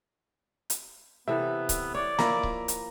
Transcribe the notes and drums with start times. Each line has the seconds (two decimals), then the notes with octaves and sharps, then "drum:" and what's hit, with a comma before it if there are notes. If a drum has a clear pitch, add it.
0.70 drum: hi-hat
1.28 C3 E3 B3 A4 E5
1.69 drum: kick C#1, hi-hat
1.94 C#5 D5
2.19 F3 A#3 E4 A#5, drum: snare
2.43 drum: kick C#1
2.68 drum: hi-hat